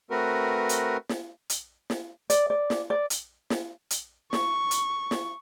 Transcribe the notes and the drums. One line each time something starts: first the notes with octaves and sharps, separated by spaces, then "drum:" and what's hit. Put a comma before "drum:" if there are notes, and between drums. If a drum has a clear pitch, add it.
A3 C4 F#4 A#4 B4
drum: hi-hat
drum: snare
drum: hi-hat
drum: snare
D5, drum: hi-hat
D5
drum: snare
D5
drum: hi-hat
drum: snare
drum: hi-hat
C#6, drum: snare
drum: hi-hat
drum: snare